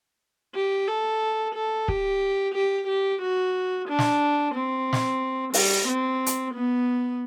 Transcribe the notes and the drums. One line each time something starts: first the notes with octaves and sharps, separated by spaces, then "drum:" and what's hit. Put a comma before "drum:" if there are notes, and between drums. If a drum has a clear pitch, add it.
G4
A4
A4
G4, drum: kick
G4
G4
F#4
D4
drum: snare
C4
drum: snare
G3, drum: open hi-hat
C4
drum: hi-hat
B3